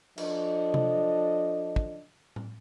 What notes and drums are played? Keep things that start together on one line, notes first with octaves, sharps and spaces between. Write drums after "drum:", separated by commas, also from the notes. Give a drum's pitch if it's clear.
F3 D4 A4 D#5, drum: cymbal
drum: tom C3
drum: kick
drum: tom A2